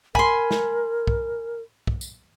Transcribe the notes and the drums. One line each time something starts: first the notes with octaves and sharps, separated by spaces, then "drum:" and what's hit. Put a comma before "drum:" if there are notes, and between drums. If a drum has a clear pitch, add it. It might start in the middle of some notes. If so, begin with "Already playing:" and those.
A#4 G#5 B5 C6, drum: kick
drum: snare
drum: kick
drum: kick
drum: tambourine